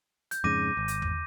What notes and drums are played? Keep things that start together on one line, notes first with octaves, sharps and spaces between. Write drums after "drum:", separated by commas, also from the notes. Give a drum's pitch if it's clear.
G6, drum: hi-hat
F2 G#2 C#3 D6 A#6 D#7
G#1
drum: hi-hat
drum: tom E2